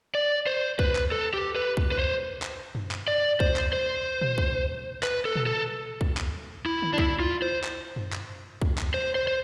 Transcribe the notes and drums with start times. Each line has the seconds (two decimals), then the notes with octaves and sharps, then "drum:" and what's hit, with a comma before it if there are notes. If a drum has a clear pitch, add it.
0.15 D5
0.47 C5
0.79 B4, drum: kick C2
0.96 drum: clap
1.12 A4
1.34 G4
1.56 B4
1.77 drum: kick C2
1.92 B4
1.99 C5
2.42 drum: clap
2.75 drum: tom F#2
2.91 drum: clap
3.08 D5
3.40 C5, drum: kick C2
3.56 drum: clap
3.73 C5
4.21 drum: tom A#2
4.38 drum: kick C2
5.03 B4, drum: clap
5.25 A4
5.36 drum: tom A#2
5.46 A4
6.01 drum: kick C2
6.17 drum: clap
6.66 E4
6.82 drum: tom D3
6.93 D4
6.98 E4, drum: kick C2
7.20 F4
7.42 C5
7.64 drum: clap
7.96 drum: tom F#2
8.13 drum: clap
8.62 drum: kick C2
8.78 drum: clap
8.94 C5
9.15 C5
9.27 C5